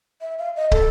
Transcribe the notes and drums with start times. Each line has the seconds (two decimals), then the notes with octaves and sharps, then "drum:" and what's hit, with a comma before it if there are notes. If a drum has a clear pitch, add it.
0.21 E5
0.38 F5
0.56 D#5
0.71 A4, drum: kick